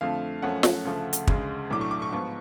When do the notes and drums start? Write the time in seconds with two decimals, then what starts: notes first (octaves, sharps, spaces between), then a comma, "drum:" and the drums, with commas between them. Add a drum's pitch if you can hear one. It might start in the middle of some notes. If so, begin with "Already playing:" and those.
0.01 F2 D3 F3 A3 F5
0.42 F#2 F3 A3 C#4 F#5
0.63 drum: snare
0.85 D2 C#3 F3 A3
1.13 drum: hi-hat
1.27 D2 C#3 G#3, drum: kick
1.70 B1 A2 F#3 A3 D4 D6
1.81 C#6
1.91 D6
2.02 C#6
2.12 G#2 F3 B3 C#6